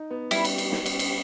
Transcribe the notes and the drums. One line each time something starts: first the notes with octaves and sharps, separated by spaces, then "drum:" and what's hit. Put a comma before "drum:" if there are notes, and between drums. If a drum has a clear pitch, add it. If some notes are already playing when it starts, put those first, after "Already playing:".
Already playing: D#4
B3
G3 E4, drum: cymbal
drum: cymbal
drum: cymbal
drum: snare
drum: cymbal
drum: cymbal